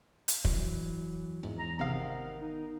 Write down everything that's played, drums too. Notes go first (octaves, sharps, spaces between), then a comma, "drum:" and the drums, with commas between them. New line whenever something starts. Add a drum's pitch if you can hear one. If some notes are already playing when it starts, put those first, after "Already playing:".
drum: hi-hat
E3 F#3, drum: kick
E2 G#2
A#5
G#1 C3 D#3 B3 F5
D#4